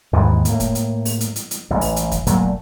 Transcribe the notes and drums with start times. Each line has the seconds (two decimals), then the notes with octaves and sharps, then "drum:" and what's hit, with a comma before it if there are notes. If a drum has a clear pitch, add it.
0.13 D#2 G#2 D#3 E3
0.45 A2 A#3, drum: hi-hat
0.60 drum: kick, hi-hat
0.75 drum: hi-hat
1.05 drum: open hi-hat
1.21 drum: hi-hat
1.36 drum: hi-hat
1.51 drum: hi-hat
1.70 A1 E3
1.81 drum: open hi-hat
1.96 drum: hi-hat
2.12 drum: kick, hi-hat
2.27 A#2 F#3 A3, drum: hi-hat
2.42 drum: kick